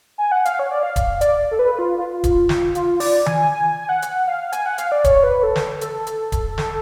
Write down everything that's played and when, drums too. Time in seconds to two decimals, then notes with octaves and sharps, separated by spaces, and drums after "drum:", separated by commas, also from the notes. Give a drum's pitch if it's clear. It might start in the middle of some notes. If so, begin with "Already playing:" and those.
0.18 G#5
0.32 F#5
0.45 F5, drum: hi-hat
0.59 C#5
0.71 D5
0.83 F5
0.96 drum: kick D1, hi-hat
1.21 D5, drum: hi-hat
1.51 A4
1.59 B4
1.79 F4
1.98 F4
2.12 F4
2.24 drum: kick D1, hi-hat
2.49 drum: snare
2.75 F4, drum: hi-hat
3.00 D5, drum: open hi-hat
3.26 G#5, drum: tom D#3
3.51 G#5
3.82 G#5
3.89 F#5
4.02 drum: hi-hat
4.28 F5
4.52 G#5, drum: hi-hat
4.66 F#5
4.78 F5, drum: hi-hat
4.92 D5
5.04 C#5, drum: kick D1, hi-hat
5.24 B4
5.43 A4
5.56 drum: snare
5.81 A4, drum: hi-hat
6.07 drum: hi-hat
6.32 drum: kick D1, hi-hat
6.58 A4, drum: snare